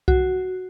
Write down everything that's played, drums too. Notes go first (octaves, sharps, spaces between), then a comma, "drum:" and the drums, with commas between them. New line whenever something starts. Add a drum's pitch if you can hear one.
F#4, drum: kick C2